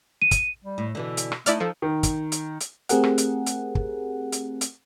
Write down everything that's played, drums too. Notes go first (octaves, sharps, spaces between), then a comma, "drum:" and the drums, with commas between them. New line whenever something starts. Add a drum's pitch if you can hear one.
D#7
drum: kick, hi-hat
G3
A2
B2 D3 E3 B3
drum: hi-hat
drum: rim click
A3 D#4 E4 D5 D#5 F6, drum: hi-hat
F3 A4
D#3
drum: kick, hi-hat
drum: hi-hat
drum: hi-hat
A3 C4 G4 G#4 A#4 F#5, drum: hi-hat
drum: rim click
drum: hi-hat
drum: hi-hat
drum: kick
drum: hi-hat
drum: hi-hat